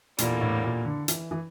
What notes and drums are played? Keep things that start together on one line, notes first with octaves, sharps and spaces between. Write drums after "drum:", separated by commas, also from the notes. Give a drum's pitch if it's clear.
E2 A#2 D3 G3 A#3, drum: hi-hat
A2
A#2
D3
E3, drum: hi-hat
E3